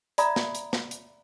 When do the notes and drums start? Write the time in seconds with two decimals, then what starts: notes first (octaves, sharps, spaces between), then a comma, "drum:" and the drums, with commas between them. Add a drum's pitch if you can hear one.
0.18 D5 E5 A#5 B5 D#6, drum: hi-hat
0.36 drum: snare
0.55 drum: hi-hat
0.73 drum: snare
0.91 drum: hi-hat